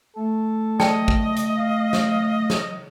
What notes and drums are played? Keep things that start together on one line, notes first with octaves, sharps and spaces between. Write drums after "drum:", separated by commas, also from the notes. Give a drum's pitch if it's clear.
A3 A4
D5 D#5 G5 A5, drum: snare
drum: kick
drum: hi-hat
F5
drum: snare
drum: snare